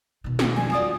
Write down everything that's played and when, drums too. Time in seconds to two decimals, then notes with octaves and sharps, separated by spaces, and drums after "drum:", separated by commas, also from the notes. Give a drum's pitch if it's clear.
0.24 B2 D#3
0.39 D3 D#4, drum: snare
0.56 F3 G3 G#5
0.72 F4 F#4 D5 D#6